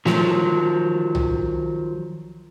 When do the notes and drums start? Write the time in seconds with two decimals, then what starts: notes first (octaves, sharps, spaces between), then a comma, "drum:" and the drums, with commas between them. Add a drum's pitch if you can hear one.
0.05 D#3 F3 F#3, drum: snare
1.15 drum: tom